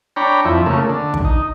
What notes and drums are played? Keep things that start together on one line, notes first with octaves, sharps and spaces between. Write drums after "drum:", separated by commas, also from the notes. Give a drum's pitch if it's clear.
D4 C#5 G5 A#5 B5
F2 E4
C#3 A3 A#3
D3
drum: kick
D#4